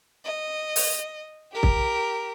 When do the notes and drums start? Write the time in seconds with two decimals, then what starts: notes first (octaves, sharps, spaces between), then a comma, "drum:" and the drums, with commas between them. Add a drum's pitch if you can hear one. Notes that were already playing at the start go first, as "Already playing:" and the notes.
0.25 D#5
0.76 drum: open hi-hat
1.53 G4 A#4
1.63 drum: kick